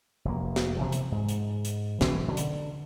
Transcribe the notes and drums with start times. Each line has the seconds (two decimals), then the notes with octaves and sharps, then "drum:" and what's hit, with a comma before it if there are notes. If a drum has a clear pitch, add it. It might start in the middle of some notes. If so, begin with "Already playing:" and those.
0.25 F1 A#3
0.56 drum: snare
0.77 C3 E3 F3
0.92 drum: hi-hat
1.12 G#2
1.29 drum: hi-hat
1.65 drum: hi-hat
2.01 B2 E3 F#3 C#4, drum: snare
2.28 D3
2.37 drum: hi-hat